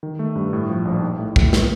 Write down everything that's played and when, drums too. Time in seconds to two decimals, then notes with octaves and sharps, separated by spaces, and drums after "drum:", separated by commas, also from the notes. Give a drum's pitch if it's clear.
0.03 D#3
0.19 A3
0.36 G2
0.53 A2
0.70 F3
0.85 A#1
1.02 D#4
1.19 A2
1.36 A2, drum: kick
1.53 A#3, drum: snare